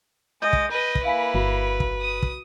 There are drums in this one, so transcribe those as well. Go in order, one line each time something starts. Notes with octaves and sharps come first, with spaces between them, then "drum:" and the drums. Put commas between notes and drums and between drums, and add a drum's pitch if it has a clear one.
G#3 D#5 G6
drum: kick
B4 D#5
drum: kick
A#3 E4 F5 G#5 B6
G1 F#4
drum: kick
D#6
drum: kick